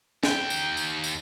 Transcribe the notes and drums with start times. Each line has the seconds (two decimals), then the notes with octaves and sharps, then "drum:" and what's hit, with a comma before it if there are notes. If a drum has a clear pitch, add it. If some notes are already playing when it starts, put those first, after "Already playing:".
0.23 D#2 G5, drum: snare
0.50 drum: tambourine
0.77 drum: tambourine
1.04 drum: tambourine